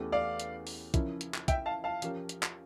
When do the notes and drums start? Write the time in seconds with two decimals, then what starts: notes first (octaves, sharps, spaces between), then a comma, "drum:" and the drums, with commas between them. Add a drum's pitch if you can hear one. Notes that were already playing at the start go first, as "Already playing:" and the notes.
Already playing: E2 E3 A3 C#4 G4
0.12 D5 F5
0.40 drum: hi-hat
0.67 drum: open hi-hat
0.94 C#3 F3 C#4 E4 A#4, drum: kick, hi-hat
1.21 drum: hi-hat
1.34 drum: clap
1.48 E5 G5, drum: kick, hi-hat
1.66 F5 A5
1.84 F5 A5
2.02 F3 C#4 G4 A#4, drum: hi-hat
2.29 drum: hi-hat
2.43 drum: clap